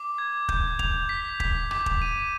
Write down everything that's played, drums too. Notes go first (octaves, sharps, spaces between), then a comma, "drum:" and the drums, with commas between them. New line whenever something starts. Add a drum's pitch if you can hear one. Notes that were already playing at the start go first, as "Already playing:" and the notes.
Already playing: D6
G#6
G6, drum: kick
F7, drum: kick
B6
B6, drum: kick
D6, drum: rim click
drum: kick
D#7